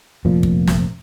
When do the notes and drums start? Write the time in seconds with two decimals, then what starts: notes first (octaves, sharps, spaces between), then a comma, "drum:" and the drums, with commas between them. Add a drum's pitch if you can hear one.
0.25 F1 A#2 F3
0.43 drum: kick
0.68 drum: snare